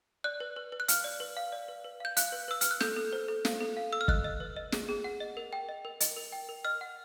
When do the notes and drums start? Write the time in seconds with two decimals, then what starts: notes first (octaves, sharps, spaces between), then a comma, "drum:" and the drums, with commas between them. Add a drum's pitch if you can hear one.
0.24 D5 F#6
0.40 B4
0.56 B4
0.72 B4
0.80 F#6
0.88 F5 F6, drum: hi-hat
1.04 D5
1.20 B4
1.37 F5
1.52 D5
1.68 B4
1.84 B4
2.00 F5 G6
2.17 F5 F#6, drum: hi-hat
2.32 B4
2.48 B4 E6
2.61 B4 F6, drum: hi-hat
2.71 F#6
2.80 A4 G6, drum: snare
2.96 A4
3.13 C5
3.28 A4
3.45 F5, drum: snare
3.61 A4
3.77 F5
3.93 A4 E6
4.01 F6
4.08 D#5 F#6, drum: kick
4.24 D#5
4.40 B4
4.56 D#5
4.72 G#4, drum: snare
4.89 G#4
5.04 F#5
5.20 D#5
5.37 A#4
5.53 G5
5.69 D#5
5.85 A#4
6.00 D#5, drum: hi-hat
6.17 A#4
6.32 G5
6.49 A#4
6.65 D#5 F6
6.81 F#5